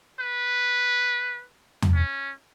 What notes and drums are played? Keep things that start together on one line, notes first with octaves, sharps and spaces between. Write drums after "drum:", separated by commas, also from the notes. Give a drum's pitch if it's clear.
B4
drum: tom E2
C#4